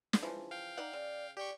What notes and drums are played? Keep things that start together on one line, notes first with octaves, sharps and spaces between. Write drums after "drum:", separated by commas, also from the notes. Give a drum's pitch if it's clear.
drum: snare
C#3 E3 F3
F5 G5
D#4 D5 F#5
C#3 D5
G4 D5 G5 C#6